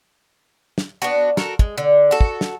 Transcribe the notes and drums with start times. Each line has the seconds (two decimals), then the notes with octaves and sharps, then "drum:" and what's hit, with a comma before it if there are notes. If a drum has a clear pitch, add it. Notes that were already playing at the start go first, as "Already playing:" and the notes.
0.78 drum: snare
1.02 B3 D4 F#4
1.37 F#4 A4 A#4, drum: snare
1.59 G#3, drum: kick
1.78 D3
2.11 F#4 A4
2.21 drum: kick
2.41 drum: snare